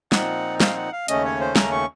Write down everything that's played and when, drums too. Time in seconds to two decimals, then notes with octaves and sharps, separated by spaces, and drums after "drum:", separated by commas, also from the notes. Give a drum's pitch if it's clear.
0.12 A#2 F3 C4 D#4 F#5, drum: snare
0.60 F5, drum: snare
0.77 F#5
0.92 F5
1.08 D#2 C#3 A3 C#4 D#5, drum: hi-hat
1.25 C#5
1.40 C5
1.56 A#5, drum: snare
1.72 C#6